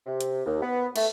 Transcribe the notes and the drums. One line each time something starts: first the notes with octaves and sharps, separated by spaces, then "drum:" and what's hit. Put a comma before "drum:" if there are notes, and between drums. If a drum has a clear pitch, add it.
C3
drum: hi-hat
D#2
B3
A3, drum: cymbal